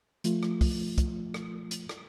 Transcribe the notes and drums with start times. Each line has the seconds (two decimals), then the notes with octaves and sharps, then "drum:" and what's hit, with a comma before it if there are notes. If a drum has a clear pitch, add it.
0.24 F3 A3 F4, drum: hi-hat
0.43 drum: rim click
0.61 drum: kick, open hi-hat
0.98 drum: kick, hi-hat
1.34 drum: rim click
1.71 drum: hi-hat
1.89 drum: rim click